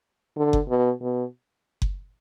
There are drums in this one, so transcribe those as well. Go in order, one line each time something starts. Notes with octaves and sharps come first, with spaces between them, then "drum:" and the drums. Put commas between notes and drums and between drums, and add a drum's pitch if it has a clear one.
D3
drum: kick F#1
B2
B2
drum: kick F#1